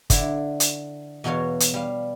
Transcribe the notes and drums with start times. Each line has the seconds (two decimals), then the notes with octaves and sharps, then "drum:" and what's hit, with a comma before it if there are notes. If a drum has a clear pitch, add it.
0.10 D3 E4 D5, drum: kick G1, hi-hat
0.60 drum: hi-hat
1.24 E2 B2 B3 F#4 C#5 F5
1.60 drum: hi-hat
1.74 G3 F5